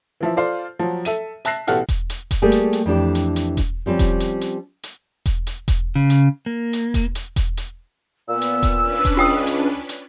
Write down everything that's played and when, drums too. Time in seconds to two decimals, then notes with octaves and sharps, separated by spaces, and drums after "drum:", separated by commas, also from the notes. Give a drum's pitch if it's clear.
0.21 E3 F3 E5
0.37 F4 A4 C5 D5 F5
0.79 F3 F#3
1.05 A4 E5 D#7, drum: hi-hat
1.45 E5 A5 F#6 A#6 C7, drum: hi-hat
1.67 A1 B2 G4 A4 F#5 F6, drum: hi-hat
1.89 drum: kick E1, hi-hat
2.10 drum: hi-hat
2.31 drum: kick E1, hi-hat
2.42 G3 A3 A#3 G4 G#4
2.52 drum: hi-hat
2.73 drum: hi-hat
2.86 F2 E3 D4 G4
3.15 drum: hi-hat
3.36 drum: hi-hat
3.57 drum: kick E1, hi-hat
3.86 F3 G3 C4 C#4
3.99 drum: kick E1, hi-hat
4.20 drum: hi-hat
4.41 drum: hi-hat
4.83 drum: hi-hat
5.26 drum: kick E1, hi-hat
5.47 drum: hi-hat
5.68 drum: kick E1, hi-hat
5.95 C#3
6.10 drum: hi-hat
6.46 A#3
6.73 drum: hi-hat
6.94 drum: kick E1, hi-hat
7.15 drum: hi-hat
7.36 drum: kick E1, hi-hat
7.57 drum: hi-hat
8.28 A#2 B3 E6
8.42 drum: hi-hat
8.63 drum: kick E1, hi-hat
8.80 C#4 D4 B4
9.05 drum: kick E1, hi-hat
9.17 C#2 F4 G5 D#6
9.47 drum: hi-hat
9.89 drum: hi-hat